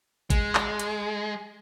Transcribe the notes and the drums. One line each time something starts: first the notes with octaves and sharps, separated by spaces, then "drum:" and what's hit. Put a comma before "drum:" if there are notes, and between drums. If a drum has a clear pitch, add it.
G#3, drum: kick G#1, hi-hat
drum: clap
drum: hi-hat